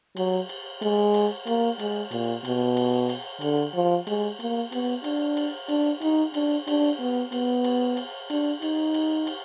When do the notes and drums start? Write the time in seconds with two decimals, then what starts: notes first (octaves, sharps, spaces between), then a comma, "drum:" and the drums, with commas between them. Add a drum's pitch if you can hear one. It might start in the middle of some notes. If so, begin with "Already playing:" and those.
0.17 F#3, drum: cymbal
0.49 drum: cymbal
0.82 G#3, drum: cymbal
1.14 drum: cymbal
1.47 A#3, drum: cymbal
1.79 G#3, drum: cymbal
2.11 A#2, drum: cymbal
2.45 B2, drum: cymbal
2.77 drum: cymbal
3.09 drum: cymbal
3.41 D3, drum: cymbal
3.75 F3
4.07 G#3, drum: cymbal
4.40 A#3, drum: cymbal
4.72 B3, drum: cymbal
5.04 D4, drum: cymbal
5.37 drum: cymbal
5.69 D4, drum: cymbal
6.02 D#4, drum: cymbal
6.34 D4, drum: cymbal
6.68 D4, drum: cymbal
7.00 B3
7.32 B3, drum: cymbal
7.64 drum: cymbal
7.97 drum: cymbal
8.30 D4, drum: cymbal
8.62 D#4, drum: cymbal
8.94 drum: cymbal
9.27 drum: cymbal